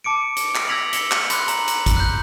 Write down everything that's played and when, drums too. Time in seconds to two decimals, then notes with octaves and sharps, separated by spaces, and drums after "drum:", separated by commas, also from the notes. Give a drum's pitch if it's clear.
0.04 A5 D6 C#7 D7
0.36 drum: hi-hat
0.55 drum: clap
0.68 E6 G#6 A#6 B6 F7 F#7
0.93 E6 C#7 G7, drum: hi-hat
1.11 drum: clap
1.30 B5 C6 F#6, drum: hi-hat
1.48 A#5 F#7, drum: hi-hat
1.68 drum: hi-hat
1.86 drum: kick, hi-hat
1.97 F#6 G6